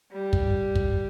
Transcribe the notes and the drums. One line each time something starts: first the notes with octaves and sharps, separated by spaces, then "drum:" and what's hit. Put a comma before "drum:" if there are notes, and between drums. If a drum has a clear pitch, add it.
G3
drum: kick
drum: kick